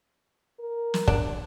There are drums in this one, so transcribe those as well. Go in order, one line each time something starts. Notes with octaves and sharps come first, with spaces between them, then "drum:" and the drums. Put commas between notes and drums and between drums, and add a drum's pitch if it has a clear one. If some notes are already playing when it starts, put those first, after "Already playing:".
A#4
drum: snare
D4, drum: kick